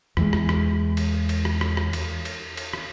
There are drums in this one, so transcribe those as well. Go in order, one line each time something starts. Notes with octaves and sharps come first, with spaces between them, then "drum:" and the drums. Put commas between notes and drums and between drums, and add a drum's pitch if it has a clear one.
E2 E3 G#3, drum: rim click
drum: rim click
drum: rim click
drum: cymbal
drum: cymbal
drum: rim click
drum: rim click
drum: rim click
drum: cymbal
drum: cymbal
drum: cymbal
drum: rim click